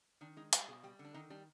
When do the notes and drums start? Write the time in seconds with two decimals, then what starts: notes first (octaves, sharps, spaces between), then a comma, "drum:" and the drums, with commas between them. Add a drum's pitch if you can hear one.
0.21 D#3 D4
0.37 G#3 D#4
0.53 G3 B4, drum: hi-hat
0.68 B2 G#4
0.83 G3 G4
0.99 D3
1.05 D4
1.14 D#3 D#4
1.30 G3 D4